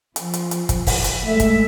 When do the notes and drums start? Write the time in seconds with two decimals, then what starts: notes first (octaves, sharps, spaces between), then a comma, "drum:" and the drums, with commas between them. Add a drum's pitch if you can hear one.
0.16 F3, drum: hi-hat
0.34 drum: hi-hat
0.51 drum: hi-hat
0.69 drum: kick, hi-hat
0.87 drum: kick, open hi-hat
1.04 drum: hi-hat
1.25 G#3 A3 E5
1.40 drum: kick, hi-hat